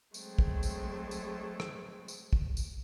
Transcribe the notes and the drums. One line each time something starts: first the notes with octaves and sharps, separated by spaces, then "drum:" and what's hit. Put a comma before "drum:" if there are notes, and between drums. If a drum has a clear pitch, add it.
F#3 G#3 A3 C4, drum: tambourine
drum: kick
drum: tambourine
drum: tambourine
drum: rim click
drum: tambourine
drum: kick
drum: tambourine